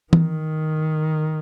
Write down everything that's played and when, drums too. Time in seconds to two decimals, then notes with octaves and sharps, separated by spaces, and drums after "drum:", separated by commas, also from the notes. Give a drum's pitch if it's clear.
0.13 D#3, drum: tom E3